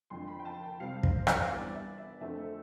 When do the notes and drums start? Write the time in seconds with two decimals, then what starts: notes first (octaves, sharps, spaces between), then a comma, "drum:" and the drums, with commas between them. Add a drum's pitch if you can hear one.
0.10 F2 D3 F3 C6
0.28 B5
0.39 G5
0.45 A5
0.63 G5
0.80 C3 G3 C4 F5
1.03 C5, drum: kick
1.27 B4, drum: rim click
1.51 G2 E3 G3 B3 D5
1.75 E5
1.98 E5
2.21 F2 D3 A3 C4 E5
2.38 A4